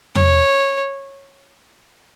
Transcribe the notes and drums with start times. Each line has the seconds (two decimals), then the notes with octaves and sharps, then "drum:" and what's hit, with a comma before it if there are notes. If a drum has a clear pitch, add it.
0.15 C#5, drum: tom E2